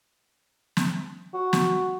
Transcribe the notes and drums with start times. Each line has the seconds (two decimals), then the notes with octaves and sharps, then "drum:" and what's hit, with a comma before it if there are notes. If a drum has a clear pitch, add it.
0.77 drum: snare
1.34 F#4
1.53 drum: snare